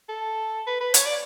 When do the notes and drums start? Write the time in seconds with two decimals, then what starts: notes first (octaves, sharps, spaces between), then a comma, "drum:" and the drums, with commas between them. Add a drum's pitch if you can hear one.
0.09 A4
0.67 B4
0.80 B4
0.94 C#5, drum: hi-hat
1.06 D5